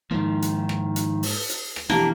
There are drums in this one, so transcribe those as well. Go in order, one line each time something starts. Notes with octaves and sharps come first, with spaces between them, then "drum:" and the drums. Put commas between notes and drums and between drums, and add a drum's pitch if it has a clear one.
G#2 D#3 F3 A#3
drum: hi-hat
drum: rim click
drum: hi-hat
drum: open hi-hat
drum: hi-hat
drum: rim click
F2 B2 E3 A#3 D4 G4 A5